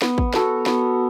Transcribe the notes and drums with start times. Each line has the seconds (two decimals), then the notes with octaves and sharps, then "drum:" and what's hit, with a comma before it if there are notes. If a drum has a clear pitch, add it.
0.02 B3, drum: snare
0.18 drum: kick
0.34 F#4 A4 C#5, drum: snare
0.66 B3, drum: snare